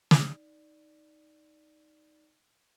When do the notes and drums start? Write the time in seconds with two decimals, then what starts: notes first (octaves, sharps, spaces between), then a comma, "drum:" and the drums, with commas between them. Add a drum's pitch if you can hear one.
0.11 D#4 D5, drum: snare